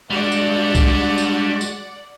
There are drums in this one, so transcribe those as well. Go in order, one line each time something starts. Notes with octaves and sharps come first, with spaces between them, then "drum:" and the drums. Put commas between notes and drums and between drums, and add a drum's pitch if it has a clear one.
G3 G#3 D4 F#4 D5 F#5
drum: tambourine
drum: kick B1, tambourine
drum: tambourine
drum: tambourine